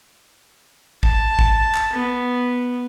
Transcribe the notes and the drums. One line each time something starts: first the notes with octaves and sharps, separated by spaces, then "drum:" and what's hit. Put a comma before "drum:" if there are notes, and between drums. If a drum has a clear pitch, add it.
A5, drum: kick
drum: kick
drum: clap
B3